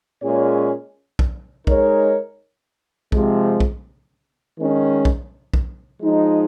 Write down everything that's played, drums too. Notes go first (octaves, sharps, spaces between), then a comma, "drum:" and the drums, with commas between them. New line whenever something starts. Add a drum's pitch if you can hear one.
A#2 G#3 C#4 G#4 C#5
drum: kick
G#3 D#4 A#4 C#5, drum: kick
C3 F3 G#3, drum: kick
drum: kick
D#3 G#3 C#4
drum: kick
drum: kick
F3 G#3 D#4